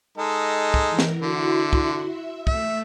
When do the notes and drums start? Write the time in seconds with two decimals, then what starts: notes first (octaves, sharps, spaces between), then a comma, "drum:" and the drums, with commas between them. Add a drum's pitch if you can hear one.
0.18 G#3 D#4 A4
0.74 drum: kick
0.88 E3 A#4
0.99 drum: snare
1.21 D3 E4 F#4 C6
1.73 drum: kick
2.05 E5
2.47 A3 E5, drum: kick